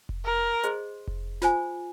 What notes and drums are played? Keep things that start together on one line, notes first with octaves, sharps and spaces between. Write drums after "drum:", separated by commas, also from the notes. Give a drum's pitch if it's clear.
drum: kick F1
A#4
G#4 C5 D#5 C6, drum: hi-hat
drum: kick F1
F4 C5 G#5, drum: snare